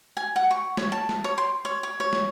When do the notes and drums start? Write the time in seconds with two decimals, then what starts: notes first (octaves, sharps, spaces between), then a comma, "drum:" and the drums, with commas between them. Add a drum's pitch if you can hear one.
0.17 G#5
0.36 F#5
0.51 C#6
0.77 C#5, drum: snare
0.92 A5
1.09 drum: snare
1.24 C#5
1.38 C6
1.65 C#5
1.83 C#5
2.00 C#5
2.13 drum: snare